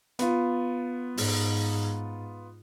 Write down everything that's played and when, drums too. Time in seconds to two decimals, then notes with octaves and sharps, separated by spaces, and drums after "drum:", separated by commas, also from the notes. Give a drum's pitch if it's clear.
0.19 B3 F4, drum: hi-hat
1.17 G#2, drum: open hi-hat